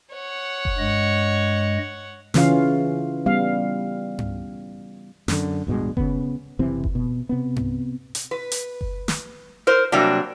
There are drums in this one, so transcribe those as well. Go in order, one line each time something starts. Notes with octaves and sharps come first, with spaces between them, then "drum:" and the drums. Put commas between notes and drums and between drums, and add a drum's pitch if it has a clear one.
C#5 F#5
drum: kick F#1
G2 G#3 D#5
C#3 E3 C#4 F4 F5, drum: snare
G3 B3 F5
drum: tom G2
F#2 D3, drum: snare
D1 G2 B2 G#3
C#3 B3, drum: kick F#1
F#1 C3 E3 C4
drum: kick F#1
B2
C3 B3
drum: tom G2
drum: hi-hat
B4
drum: hi-hat
drum: kick F#1
drum: snare
A#4 C5
C3 F#3 G3 A#3 D4